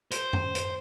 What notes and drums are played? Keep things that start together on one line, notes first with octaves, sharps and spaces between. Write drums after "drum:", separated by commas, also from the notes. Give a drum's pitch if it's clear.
C5, drum: hi-hat
drum: tom F#2
drum: hi-hat